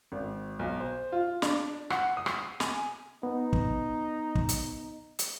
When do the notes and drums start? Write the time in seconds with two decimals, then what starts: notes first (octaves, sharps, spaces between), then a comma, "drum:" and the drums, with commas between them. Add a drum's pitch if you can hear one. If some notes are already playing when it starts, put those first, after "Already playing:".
0.12 G#1
0.59 B1
0.80 C5
1.12 F4
1.42 D4, drum: snare
1.90 F#5, drum: rim click
2.17 D#6
2.26 drum: rim click
2.60 G#5, drum: snare
3.23 B3 D#4
3.53 drum: kick
4.35 drum: kick
4.49 drum: hi-hat
5.19 drum: hi-hat